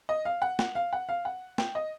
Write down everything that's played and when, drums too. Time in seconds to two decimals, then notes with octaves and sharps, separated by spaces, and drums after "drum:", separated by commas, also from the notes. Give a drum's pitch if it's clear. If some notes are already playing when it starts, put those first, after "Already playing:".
0.09 D#5
0.25 F5
0.42 F#5
0.59 F#5, drum: snare
0.75 F5
0.93 F#5
1.09 F5
1.25 F#5
1.58 G5, drum: snare
1.75 D#5